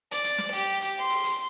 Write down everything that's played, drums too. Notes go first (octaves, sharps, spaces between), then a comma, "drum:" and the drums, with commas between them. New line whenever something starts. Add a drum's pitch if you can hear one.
D5, drum: hi-hat
drum: hi-hat
drum: snare
G4, drum: hi-hat
drum: hi-hat
C6
drum: open hi-hat
drum: hi-hat